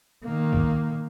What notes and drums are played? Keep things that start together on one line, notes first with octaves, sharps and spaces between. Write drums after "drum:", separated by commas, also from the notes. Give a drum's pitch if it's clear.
D#3 A#3
drum: kick